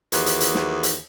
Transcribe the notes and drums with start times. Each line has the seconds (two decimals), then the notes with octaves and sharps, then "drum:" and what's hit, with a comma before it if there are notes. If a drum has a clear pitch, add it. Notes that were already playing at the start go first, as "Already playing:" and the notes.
0.12 D#2 E3 F#4 G#4, drum: hi-hat
0.26 drum: hi-hat
0.40 drum: hi-hat
0.55 drum: snare
0.83 drum: hi-hat